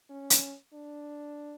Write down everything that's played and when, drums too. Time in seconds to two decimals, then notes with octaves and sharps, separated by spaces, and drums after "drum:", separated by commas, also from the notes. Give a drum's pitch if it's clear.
0.10 C#4
0.30 drum: hi-hat
0.73 D4